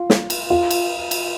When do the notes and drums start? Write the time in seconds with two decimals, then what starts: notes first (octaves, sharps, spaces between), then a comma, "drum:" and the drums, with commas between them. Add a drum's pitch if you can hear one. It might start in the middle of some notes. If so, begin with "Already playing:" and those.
Already playing: F4
0.10 drum: snare
0.30 drum: cymbal
0.50 F4
0.71 drum: cymbal
1.11 drum: cymbal